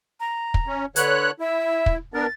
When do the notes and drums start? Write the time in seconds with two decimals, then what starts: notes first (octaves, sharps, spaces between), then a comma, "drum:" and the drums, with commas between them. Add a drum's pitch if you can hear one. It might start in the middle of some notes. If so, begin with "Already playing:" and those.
0.20 A#5
0.54 drum: kick
0.67 C#4
0.96 D3 B4 C#5 F#6, drum: hi-hat
1.40 E4 E5
1.86 drum: kick
2.14 B3 D4 A#4 A6